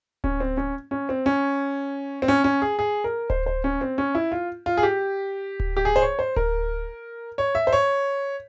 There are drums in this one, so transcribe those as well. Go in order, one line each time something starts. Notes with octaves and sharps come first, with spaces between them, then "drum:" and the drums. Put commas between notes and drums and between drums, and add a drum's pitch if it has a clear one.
C#4, drum: kick D1
C4
C#4
C#4
C4
C#4
C4
C#4
C#4
G#4
G#4
A#4
C5, drum: kick D1
C5
C#4
C4
C#4
E4
F4
F4
G#4
G4
drum: kick D1
G4
G#4
C5
C#5
C5
A#4, drum: kick D1
C#5
E5
C5
C#5